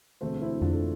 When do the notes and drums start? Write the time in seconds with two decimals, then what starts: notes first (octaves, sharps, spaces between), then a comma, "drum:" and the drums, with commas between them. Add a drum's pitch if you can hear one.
0.21 E1 D2 D3 A3 C4
0.41 C4 E4
0.61 D4 F4, drum: tom F2
0.73 A4